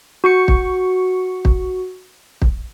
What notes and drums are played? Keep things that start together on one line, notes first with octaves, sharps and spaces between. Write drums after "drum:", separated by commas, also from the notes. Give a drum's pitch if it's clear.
F#4 C#6 C#7
drum: kick
drum: kick
drum: kick